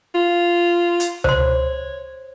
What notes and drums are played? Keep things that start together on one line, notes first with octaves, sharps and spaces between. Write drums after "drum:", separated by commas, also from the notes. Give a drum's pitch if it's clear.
F4
drum: hi-hat
C5 C#5 C6, drum: tom C#2